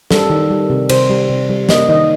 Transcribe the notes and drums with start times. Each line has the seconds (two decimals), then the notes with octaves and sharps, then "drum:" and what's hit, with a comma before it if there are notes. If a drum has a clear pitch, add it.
0.11 G3 A4, drum: snare
0.30 D#3
0.50 G3
0.70 C3
0.89 C3 C5, drum: cymbal
1.10 G3
1.30 C3
1.49 G3
1.69 A#3 D#5, drum: snare
1.89 D#3 D#5